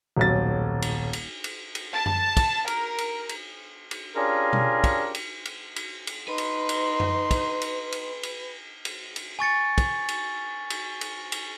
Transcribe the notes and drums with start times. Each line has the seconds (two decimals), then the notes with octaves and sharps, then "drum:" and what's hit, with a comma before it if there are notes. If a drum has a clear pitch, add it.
0.17 D#1 B1 A6
0.82 drum: cymbal
1.13 drum: cymbal
1.44 drum: cymbal
1.75 drum: cymbal
1.94 A5
2.06 drum: tom F#2
2.37 drum: kick, cymbal
2.68 A#4, drum: cymbal
2.98 drum: cymbal
3.29 drum: cymbal
3.91 drum: cymbal
4.16 C#4 D4 F4 G4 G#4 A#4
4.53 drum: tom B2
4.84 drum: kick, cymbal
5.15 drum: cymbal
5.45 drum: cymbal
5.76 drum: cymbal
6.07 drum: cymbal
6.28 D#4 B4 C6
6.38 drum: cymbal
6.69 drum: cymbal
7.00 drum: tom F#2
7.31 drum: kick, cymbal
7.62 drum: cymbal
7.92 drum: cymbal
8.23 drum: cymbal
8.85 drum: cymbal
9.16 drum: cymbal
9.39 G#5 C#6 A6 C#7
9.78 drum: kick, cymbal
10.09 drum: cymbal
10.70 drum: cymbal
11.01 drum: cymbal
11.32 drum: cymbal